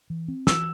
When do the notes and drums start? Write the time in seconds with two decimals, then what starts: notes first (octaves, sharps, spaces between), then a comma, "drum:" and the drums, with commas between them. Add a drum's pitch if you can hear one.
0.10 E3
0.28 C4
0.47 E3 E6, drum: snare